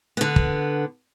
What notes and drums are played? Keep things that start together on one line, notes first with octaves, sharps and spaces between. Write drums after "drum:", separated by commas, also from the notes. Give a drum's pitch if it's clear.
D3 B3
drum: kick